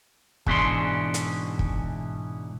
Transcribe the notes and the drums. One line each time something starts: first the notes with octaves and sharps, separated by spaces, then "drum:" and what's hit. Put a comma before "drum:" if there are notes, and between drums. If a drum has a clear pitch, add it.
G#2 B2 E3 C#4 D4 C6, drum: kick
drum: hi-hat
drum: kick